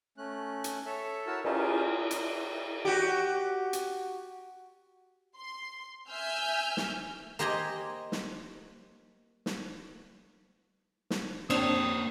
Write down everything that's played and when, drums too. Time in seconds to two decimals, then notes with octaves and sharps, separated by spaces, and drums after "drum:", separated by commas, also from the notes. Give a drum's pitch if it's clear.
0.18 A3 C#4 F#6
0.64 drum: hi-hat
0.86 A4 C#5 E5
1.27 E4 F#4 A#4 C#5 A5 E6
1.45 C#4 F4 G4 G#4 A#4 B4, drum: cymbal
2.11 drum: hi-hat
2.85 F#4 G4
3.73 drum: hi-hat
5.37 C6
6.11 E5 G#5 E6 F6 G6
6.77 drum: snare
7.39 A#3 G4 C5 D#5 G#5 A#5
8.12 drum: snare
9.46 drum: snare
11.10 drum: snare
11.50 A#3 C4 D4 C#5 D#6, drum: cymbal